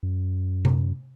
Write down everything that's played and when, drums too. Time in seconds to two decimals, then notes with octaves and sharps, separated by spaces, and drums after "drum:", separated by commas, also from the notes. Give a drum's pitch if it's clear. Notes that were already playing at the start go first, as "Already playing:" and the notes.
0.03 F#2
0.65 drum: tom C3